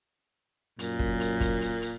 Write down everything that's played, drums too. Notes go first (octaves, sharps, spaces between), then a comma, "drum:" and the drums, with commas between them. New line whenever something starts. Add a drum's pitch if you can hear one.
F#2 A#2, drum: hi-hat
drum: kick
drum: hi-hat
drum: kick, hi-hat
drum: hi-hat
drum: hi-hat